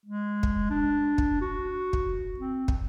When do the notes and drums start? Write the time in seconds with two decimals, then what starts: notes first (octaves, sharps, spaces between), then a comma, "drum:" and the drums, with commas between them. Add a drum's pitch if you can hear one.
0.06 G#3
0.43 drum: kick
0.70 D4
1.18 drum: kick
1.41 F#4
1.93 drum: kick
2.39 C4
2.68 drum: kick